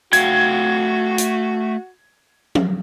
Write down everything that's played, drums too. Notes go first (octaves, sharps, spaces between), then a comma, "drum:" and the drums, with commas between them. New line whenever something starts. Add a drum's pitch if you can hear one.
A3 F#4 F5 G5 G#6, drum: hi-hat
drum: hi-hat
drum: tom F3